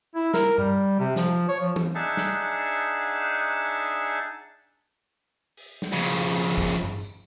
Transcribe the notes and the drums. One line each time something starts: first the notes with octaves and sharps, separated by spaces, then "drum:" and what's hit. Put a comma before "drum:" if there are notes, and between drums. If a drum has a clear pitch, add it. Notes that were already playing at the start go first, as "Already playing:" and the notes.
E4
A#4, drum: snare
G3, drum: tom G2
C3
F3, drum: snare
C#5
F3
drum: tom
D4 D#4 G#4 E5 F#5 A5
drum: snare
drum: open hi-hat
drum: snare
F2 C#3
drum: kick
drum: tom G2
drum: tambourine